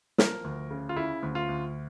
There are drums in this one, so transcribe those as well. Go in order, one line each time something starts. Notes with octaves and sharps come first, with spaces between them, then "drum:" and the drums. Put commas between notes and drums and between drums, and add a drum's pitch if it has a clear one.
F3 A#4, drum: snare
D2
C#3
F4
C#3 E4
D2
F4
D2